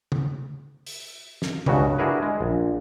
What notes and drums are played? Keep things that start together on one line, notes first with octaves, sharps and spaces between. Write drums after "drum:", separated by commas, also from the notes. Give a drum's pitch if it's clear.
drum: tom
drum: open hi-hat
drum: snare
C#2 G2 C#3 F#4, drum: tom
D4 E4 F#4 G#4 A#4 B4
G#3
A#1